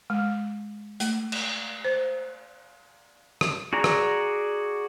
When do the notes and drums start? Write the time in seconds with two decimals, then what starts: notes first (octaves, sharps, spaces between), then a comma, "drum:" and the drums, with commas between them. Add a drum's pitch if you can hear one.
0.10 G#3
1.00 A3, drum: hi-hat
1.32 drum: cymbal
1.85 C5
3.41 drum: rim click
3.73 F#4 G#4 D5 A#5
3.84 drum: rim click